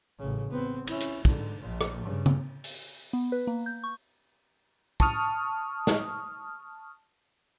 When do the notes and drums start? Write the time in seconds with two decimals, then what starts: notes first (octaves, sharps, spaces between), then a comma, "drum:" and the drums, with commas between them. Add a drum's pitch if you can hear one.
0.19 A1 C#3
0.51 B3 C4
0.87 C#4 E4, drum: cymbal
1.00 drum: hi-hat
1.25 G#2 D3, drum: kick
1.61 A#1 A#2
1.81 drum: rim click
2.04 G2 C#3
2.26 drum: tom C#3
2.64 drum: open hi-hat
3.13 B3
3.32 B4
3.47 A#3
3.66 G6
3.84 C#6
5.00 A5 C#6 D#6 F6, drum: kick
5.87 drum: snare